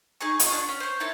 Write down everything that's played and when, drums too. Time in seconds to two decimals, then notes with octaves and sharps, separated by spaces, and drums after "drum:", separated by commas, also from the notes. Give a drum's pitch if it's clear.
0.21 D#4 G#4 G#5 C#6
0.40 F4 C#5 D#5 C#6, drum: hi-hat
0.52 D4 F#5
0.69 C#4
0.80 C5 C#5
1.00 A#3 E4 C#5 A5